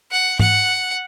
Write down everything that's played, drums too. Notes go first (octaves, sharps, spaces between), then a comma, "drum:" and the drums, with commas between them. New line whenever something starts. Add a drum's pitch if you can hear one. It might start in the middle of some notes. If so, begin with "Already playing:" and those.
F#5
F#5, drum: tom G#2